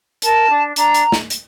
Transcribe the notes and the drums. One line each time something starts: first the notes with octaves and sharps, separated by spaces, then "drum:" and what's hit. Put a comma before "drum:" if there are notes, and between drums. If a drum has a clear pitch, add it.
A#4 A5, drum: hi-hat
D4
D4 A#5, drum: hi-hat
drum: hi-hat
drum: snare
drum: hi-hat